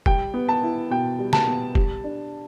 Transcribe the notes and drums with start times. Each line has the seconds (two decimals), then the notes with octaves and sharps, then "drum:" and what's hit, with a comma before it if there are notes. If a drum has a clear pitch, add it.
0.06 G3 G5, drum: kick
0.34 B3
0.49 A5
0.63 E4
0.90 B2 G5
1.19 G3
1.33 A5, drum: snare
1.47 B3
1.75 G3, drum: kick
2.04 D4